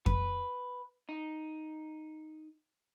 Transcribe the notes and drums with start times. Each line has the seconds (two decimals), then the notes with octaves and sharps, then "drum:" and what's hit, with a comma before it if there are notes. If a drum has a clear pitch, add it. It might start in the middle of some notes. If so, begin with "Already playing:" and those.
0.06 B4, drum: kick F2
1.09 D#4